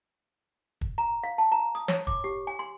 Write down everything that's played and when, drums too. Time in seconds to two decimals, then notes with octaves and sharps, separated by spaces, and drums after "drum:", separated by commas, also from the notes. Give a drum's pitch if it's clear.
0.81 drum: kick
0.98 A#5
1.23 F5
1.38 A5
1.52 A#5
1.75 D#6
1.88 C#5, drum: snare
2.07 D6, drum: kick
2.24 G4
2.47 G#5
2.59 C6